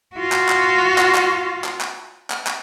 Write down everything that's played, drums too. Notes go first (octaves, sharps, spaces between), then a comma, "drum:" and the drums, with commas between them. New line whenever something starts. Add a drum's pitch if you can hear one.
F4 F#4
drum: clap
drum: clap
drum: clap
drum: clap
drum: clap
drum: clap
drum: clap
drum: clap